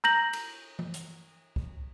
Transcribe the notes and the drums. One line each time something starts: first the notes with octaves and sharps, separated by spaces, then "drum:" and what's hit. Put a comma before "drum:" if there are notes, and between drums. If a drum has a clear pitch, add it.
A#5 G6 A#6 F#7
drum: cymbal
drum: tom E3
drum: hi-hat
drum: kick